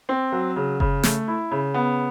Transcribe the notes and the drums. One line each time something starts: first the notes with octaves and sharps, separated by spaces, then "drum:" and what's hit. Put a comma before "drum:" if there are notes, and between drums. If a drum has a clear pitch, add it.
C4
F#3
C#3
C#3, drum: kick F#1
A3, drum: snare
E4
C#3
B3